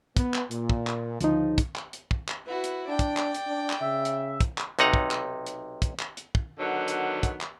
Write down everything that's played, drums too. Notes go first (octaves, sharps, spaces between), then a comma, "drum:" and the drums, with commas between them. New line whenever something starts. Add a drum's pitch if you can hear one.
B3, drum: kick, hi-hat
drum: clap
A#2, drum: hi-hat
drum: kick
drum: clap
D2 C#3 F3 D#4, drum: hi-hat
drum: kick, hi-hat
drum: clap
drum: hi-hat
drum: kick
drum: clap
E4 F#4 B4
drum: hi-hat
D4 D5 G5
drum: kick, hi-hat
drum: clap
drum: hi-hat
D4
drum: clap
C#3 E5
drum: hi-hat
drum: kick, hi-hat
drum: clap
B1 C3 D#4 F#5 A#5, drum: hi-hat
drum: kick
drum: clap
drum: hi-hat
drum: kick, hi-hat
drum: clap
drum: hi-hat
drum: kick
D3 D#3 F#3 B3
drum: hi-hat
drum: kick, hi-hat
drum: clap